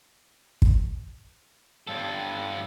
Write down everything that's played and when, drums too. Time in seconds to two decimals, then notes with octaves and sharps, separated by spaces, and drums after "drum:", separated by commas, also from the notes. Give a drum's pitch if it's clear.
0.62 drum: kick
1.87 G2 A4